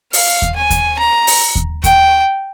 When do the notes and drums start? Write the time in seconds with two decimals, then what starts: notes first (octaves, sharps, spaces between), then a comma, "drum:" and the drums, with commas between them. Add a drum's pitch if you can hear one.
0.13 F5, drum: open hi-hat
0.42 drum: kick D#2
0.56 G#5
0.70 drum: kick D#2, hi-hat
0.99 A#5
1.27 drum: open hi-hat
1.55 drum: kick D#2
1.84 G5, drum: kick D#2, hi-hat